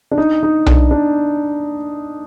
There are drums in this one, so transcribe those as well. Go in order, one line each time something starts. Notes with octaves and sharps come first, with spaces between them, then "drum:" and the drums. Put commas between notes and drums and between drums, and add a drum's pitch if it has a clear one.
D4
D#4
D#4
D4, drum: tom B1
D4